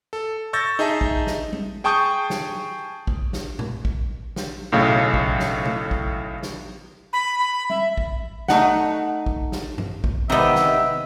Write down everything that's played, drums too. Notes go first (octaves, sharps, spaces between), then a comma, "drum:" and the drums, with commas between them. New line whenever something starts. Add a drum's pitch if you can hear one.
A4
C#6 E6 G6 A6 A#6
D#4 G#4 D#5 E5 A5
drum: kick A1
drum: snare
drum: tom G3
G#4 G5 A5 C#6 D#6 G6
drum: snare
drum: kick A1
drum: snare
drum: tom A2
drum: kick A1
drum: snare
B1 A2 C#3 F5
drum: kick A1
drum: snare
drum: tom C#3
drum: kick A1
drum: snare
B5
B5
E5, drum: tom G3
drum: kick A1
A3 D#4 F#5, drum: snare
drum: kick A1
drum: snare
drum: tom G2
drum: kick A1
C3 D#3 B3 D#5 E5
drum: snare